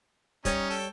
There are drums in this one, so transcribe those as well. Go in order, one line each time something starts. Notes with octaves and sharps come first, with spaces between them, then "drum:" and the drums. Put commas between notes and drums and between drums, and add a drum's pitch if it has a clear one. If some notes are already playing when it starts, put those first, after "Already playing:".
G3 C#4 D#4 C#5 D#6, drum: kick, hi-hat
A4 G5